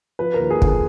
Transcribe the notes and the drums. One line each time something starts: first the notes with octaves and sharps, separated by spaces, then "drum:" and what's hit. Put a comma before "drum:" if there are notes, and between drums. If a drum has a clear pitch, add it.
F3 B4
A#4
D#2
G#4
D3, drum: kick
G#4